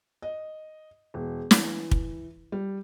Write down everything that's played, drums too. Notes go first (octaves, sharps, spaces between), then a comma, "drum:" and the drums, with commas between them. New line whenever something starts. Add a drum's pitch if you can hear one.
D#5
E1
E3, drum: snare
drum: kick
G3